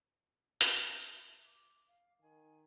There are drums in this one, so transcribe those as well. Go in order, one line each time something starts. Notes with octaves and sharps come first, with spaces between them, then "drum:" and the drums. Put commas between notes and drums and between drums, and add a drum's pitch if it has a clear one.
E5, drum: hi-hat
D6
F5
D#3 G#5